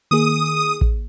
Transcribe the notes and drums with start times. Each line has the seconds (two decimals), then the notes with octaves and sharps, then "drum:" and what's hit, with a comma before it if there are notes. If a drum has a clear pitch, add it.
0.11 D#3 A#3 G#4 D#6
0.81 drum: kick A1